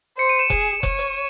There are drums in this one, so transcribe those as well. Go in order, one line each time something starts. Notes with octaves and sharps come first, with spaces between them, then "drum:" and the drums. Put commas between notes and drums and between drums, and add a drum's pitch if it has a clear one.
C5 C#7
D#7
E7
G#4, drum: kick F1, hi-hat
E7
C#5, drum: kick F1, hi-hat
drum: hi-hat